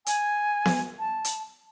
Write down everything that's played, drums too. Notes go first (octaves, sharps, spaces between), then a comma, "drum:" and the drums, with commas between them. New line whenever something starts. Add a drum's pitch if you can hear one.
G#5, drum: hi-hat
drum: snare B3
A5
drum: hi-hat